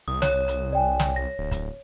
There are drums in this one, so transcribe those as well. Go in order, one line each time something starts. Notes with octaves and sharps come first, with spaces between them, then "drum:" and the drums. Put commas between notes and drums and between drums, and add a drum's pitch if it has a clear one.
C2 D#6
C#5, drum: snare
drum: hi-hat
D5 G5 G#5
drum: snare
A#6
D1
drum: kick, hi-hat